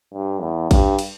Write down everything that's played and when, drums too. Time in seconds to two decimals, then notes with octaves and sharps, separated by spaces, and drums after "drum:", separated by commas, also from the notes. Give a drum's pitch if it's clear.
0.14 G2
0.41 E2
0.71 G2, drum: kick A1, cymbal
0.99 drum: cymbal